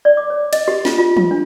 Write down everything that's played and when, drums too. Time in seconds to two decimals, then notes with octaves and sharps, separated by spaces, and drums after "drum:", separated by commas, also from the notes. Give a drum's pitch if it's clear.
0.05 D5
0.17 D6
0.30 C#5
0.53 D#5, drum: cymbal
0.68 G4
0.85 F4, drum: snare
0.98 F4
1.17 F4, drum: tom E3
1.31 D4